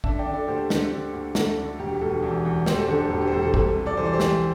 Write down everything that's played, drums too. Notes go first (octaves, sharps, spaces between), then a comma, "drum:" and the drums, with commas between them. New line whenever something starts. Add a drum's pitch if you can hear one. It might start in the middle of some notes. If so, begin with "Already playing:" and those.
D3 E5 A5, drum: kick
D5 G5
D3
A4 D5
D2 G4 C5
D3, drum: snare
D3
D2
D2 A4, drum: snare
D3
E1 G4
E1 A4
E2
E2
E2 G4 C5, drum: snare
A4
D3 A4
A4
E1 G4
G4
C5
E1 A4
A4
C2 A4, drum: kick
C3
A4 D5
E3 C5
D5
G4 C5
E3, drum: snare